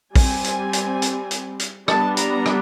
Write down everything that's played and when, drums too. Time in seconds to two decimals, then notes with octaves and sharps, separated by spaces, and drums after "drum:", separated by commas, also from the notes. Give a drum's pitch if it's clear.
0.16 G3 C4 G#5, drum: kick A#1, open hi-hat
0.44 drum: hi-hat
0.73 drum: hi-hat
1.02 drum: hi-hat
1.31 drum: hi-hat
1.59 drum: hi-hat
1.88 G3 B3 D4 A5, drum: rim click
2.17 A#5, drum: hi-hat
2.46 drum: rim click